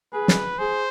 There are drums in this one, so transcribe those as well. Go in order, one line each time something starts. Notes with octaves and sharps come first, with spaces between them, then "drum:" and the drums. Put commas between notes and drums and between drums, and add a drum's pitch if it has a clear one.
G#4 B4
drum: snare
G#4 C5